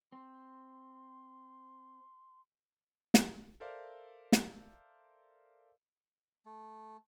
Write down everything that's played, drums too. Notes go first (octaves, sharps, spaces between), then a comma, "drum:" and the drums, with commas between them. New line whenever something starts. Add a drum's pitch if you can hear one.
C4 C6
drum: snare
A4 A#4 C5 D5 E5 F5
drum: snare
A3